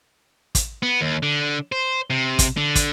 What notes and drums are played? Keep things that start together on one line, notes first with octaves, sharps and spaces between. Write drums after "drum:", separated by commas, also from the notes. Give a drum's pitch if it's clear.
drum: kick, hi-hat
B3
D#2
D3
C5
C3
drum: kick, hi-hat
D3
drum: kick, hi-hat